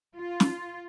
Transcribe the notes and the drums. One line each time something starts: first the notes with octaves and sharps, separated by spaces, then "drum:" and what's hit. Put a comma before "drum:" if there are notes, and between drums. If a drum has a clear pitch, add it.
F4
drum: snare